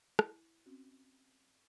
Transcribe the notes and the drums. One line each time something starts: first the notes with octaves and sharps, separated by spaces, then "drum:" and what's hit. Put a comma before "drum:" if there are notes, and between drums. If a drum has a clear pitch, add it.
E4, drum: rim click
C4 C#4 F#4